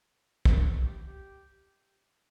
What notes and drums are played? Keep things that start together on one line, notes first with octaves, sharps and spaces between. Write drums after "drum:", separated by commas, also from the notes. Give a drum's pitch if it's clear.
F#4, drum: kick
F#4
G4
G4